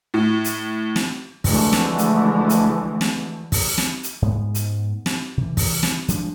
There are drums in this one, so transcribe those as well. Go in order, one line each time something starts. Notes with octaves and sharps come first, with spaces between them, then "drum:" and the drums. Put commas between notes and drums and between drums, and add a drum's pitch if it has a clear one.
A2
drum: hi-hat
drum: snare
D2 D3 E3 F3 G#3 A3, drum: kick, open hi-hat
drum: snare
drum: hi-hat
drum: hi-hat
drum: snare
drum: kick, open hi-hat
drum: snare
drum: hi-hat
G#2 G#3 B3
drum: hi-hat
drum: snare
C3 E3
drum: kick, open hi-hat
drum: snare
F3 G#3 D4, drum: hi-hat